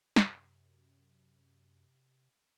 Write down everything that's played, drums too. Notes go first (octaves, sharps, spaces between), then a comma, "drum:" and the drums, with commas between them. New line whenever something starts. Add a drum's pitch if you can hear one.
F#2 C3, drum: snare